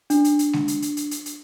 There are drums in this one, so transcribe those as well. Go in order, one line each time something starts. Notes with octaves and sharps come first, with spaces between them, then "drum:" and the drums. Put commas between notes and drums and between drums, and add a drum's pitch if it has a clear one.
D4, drum: hi-hat
drum: hi-hat
drum: hi-hat
drum: snare G#3
drum: hi-hat
drum: hi-hat
drum: hi-hat
drum: hi-hat
drum: hi-hat